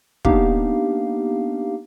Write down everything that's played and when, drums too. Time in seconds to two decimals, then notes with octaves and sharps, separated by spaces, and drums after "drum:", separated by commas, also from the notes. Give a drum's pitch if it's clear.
0.25 A#3 B3 D4 D#4 G4 F5, drum: kick